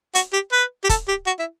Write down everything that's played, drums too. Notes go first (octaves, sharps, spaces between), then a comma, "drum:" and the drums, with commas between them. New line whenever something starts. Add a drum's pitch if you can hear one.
F#4, drum: hi-hat
G4
B4
G4
A4, drum: kick, hi-hat
G4
F#4
E4